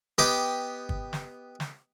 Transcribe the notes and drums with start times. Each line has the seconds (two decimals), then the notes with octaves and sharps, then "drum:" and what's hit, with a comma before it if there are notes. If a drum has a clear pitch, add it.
0.18 B3 G4 D#5 G5 D6, drum: snare
0.89 drum: kick
1.13 drum: snare
1.60 drum: snare